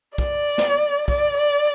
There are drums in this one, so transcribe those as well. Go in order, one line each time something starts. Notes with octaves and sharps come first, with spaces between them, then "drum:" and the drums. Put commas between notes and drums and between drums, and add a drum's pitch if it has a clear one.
D5, drum: kick
drum: snare
D5, drum: kick
D5